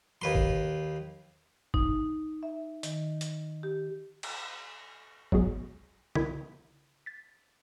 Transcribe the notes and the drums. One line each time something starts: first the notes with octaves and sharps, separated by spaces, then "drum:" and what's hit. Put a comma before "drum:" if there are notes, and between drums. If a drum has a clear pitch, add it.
D#2 B4 C6
drum: kick
D#4, drum: kick
E5
D#3, drum: hi-hat
drum: hi-hat
G4
drum: cymbal
F#3 G#3 B3 F#4 G#4, drum: kick
C2 E4 A#4 E5 G#6 B6, drum: tom C#3
A6 B6